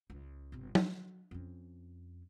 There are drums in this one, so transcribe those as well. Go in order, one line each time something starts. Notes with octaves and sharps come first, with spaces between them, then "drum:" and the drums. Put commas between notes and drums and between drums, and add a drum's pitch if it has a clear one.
C#2
G1 C3
F#3, drum: tom
F2 C#4